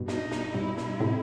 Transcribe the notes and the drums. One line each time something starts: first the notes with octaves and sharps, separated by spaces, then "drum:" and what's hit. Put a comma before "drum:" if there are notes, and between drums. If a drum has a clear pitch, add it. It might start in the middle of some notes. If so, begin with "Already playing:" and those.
Already playing: G2 B2
D#4, drum: snare
drum: snare
G2 B2 E4
drum: snare
A2 C3